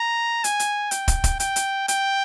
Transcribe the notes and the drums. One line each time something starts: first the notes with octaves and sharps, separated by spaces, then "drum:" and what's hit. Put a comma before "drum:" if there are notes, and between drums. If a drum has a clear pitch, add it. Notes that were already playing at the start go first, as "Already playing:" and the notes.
Already playing: A#5
G#5, drum: hi-hat
drum: hi-hat
G5, drum: hi-hat
drum: kick, hi-hat
drum: kick, hi-hat
G5, drum: hi-hat
drum: hi-hat
G5, drum: hi-hat